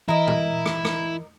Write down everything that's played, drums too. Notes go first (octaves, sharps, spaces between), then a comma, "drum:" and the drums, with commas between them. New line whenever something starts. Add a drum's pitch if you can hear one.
E3 E4 A#4 D#5
drum: tom A#2
drum: rim click
drum: rim click